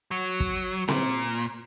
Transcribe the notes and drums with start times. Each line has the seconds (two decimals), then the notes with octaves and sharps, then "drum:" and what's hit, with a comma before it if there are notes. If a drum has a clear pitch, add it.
0.11 F#3
0.40 drum: kick
0.88 A#2, drum: snare C4